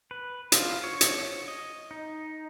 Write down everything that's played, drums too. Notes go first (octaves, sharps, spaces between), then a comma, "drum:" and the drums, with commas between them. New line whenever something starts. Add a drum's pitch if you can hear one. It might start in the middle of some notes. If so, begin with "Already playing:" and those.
B4
F4, drum: hi-hat
C#5
drum: hi-hat
D#5
D#4